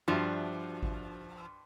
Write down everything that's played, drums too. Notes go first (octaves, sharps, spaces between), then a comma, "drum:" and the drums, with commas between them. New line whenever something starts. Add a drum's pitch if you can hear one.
G2 F3 D4 F#4 E5
drum: kick G#1